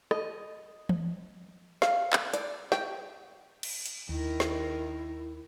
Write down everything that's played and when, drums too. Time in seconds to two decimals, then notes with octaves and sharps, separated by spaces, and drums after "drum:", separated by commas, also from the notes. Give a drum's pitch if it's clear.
0.11 D#5, drum: rim click
0.89 drum: tom E3
1.82 F5, drum: snare
2.13 drum: clap
2.34 D5, drum: hi-hat
2.72 G5, drum: snare
3.63 drum: cymbal
3.86 drum: hi-hat
4.09 D#2 D#3 E4 A#4
4.40 drum: snare